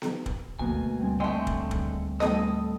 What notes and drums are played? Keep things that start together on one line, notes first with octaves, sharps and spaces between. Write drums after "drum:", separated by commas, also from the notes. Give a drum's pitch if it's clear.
drum: snare B3
drum: kick
D2 G2 B2 A#3 G#5
G3 C4
D2 D3 G#3 A3 G5
drum: kick
drum: kick
A2 G3 A4 D#5 D#6, drum: snare B3